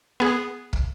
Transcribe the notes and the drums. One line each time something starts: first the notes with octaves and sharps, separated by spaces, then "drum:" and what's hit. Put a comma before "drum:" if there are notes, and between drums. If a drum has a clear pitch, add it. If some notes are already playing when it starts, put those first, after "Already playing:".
B3 G#4
drum: kick